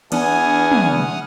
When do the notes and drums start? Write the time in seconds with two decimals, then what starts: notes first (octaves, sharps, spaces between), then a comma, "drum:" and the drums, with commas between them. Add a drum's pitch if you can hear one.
0.12 E2 E3 B3 D4 F#5 G#5 D#6 F6, drum: cymbal
0.72 drum: tom